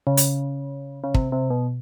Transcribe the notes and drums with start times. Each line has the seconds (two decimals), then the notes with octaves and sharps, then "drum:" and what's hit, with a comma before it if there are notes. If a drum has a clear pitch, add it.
0.07 C#3
0.17 drum: hi-hat
1.04 C#3
1.14 C3, drum: kick
1.32 C3
1.50 B2